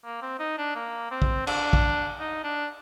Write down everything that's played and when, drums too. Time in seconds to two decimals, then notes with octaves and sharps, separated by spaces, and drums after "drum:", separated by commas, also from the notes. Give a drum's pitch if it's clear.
0.04 A#3
0.22 C4
0.39 D#4
0.58 D4
0.75 A#3
1.11 C4
1.22 drum: kick
1.47 D4, drum: cymbal
1.73 drum: kick
2.20 D#4
2.44 D4